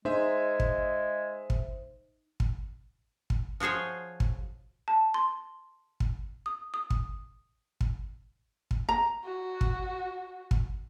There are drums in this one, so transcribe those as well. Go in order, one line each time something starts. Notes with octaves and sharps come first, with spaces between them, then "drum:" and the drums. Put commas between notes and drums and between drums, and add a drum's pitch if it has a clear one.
G#3 D#4 G#4 C5 E5
drum: kick
drum: kick
drum: kick
drum: kick
F3 F#4 G#4 C5 C#5
drum: kick
A5
C6
drum: kick
D#6
D#6
drum: kick
drum: kick
drum: kick
A#5
F#4
drum: kick
drum: kick